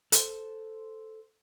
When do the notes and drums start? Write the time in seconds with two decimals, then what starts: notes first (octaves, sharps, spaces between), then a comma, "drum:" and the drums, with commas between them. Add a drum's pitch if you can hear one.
0.12 A4 C5, drum: hi-hat